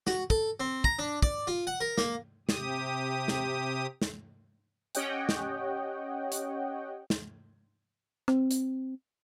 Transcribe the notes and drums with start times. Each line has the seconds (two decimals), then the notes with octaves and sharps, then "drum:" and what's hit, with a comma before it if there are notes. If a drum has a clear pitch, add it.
0.07 F#4, drum: snare
0.30 A4, drum: kick
0.60 C4
0.84 A#5, drum: kick
0.99 D4
1.22 D5, drum: kick
1.47 F4
1.67 F#5
1.80 A#4
1.98 A#3, drum: snare
2.49 C3 G4 D#6, drum: snare
3.28 drum: snare
4.02 drum: snare
4.95 C#4 G4 C#5 D#5 F#5 G5, drum: hi-hat
5.29 drum: snare
6.32 drum: hi-hat
7.10 drum: snare
8.28 C4, drum: rim click
8.51 drum: hi-hat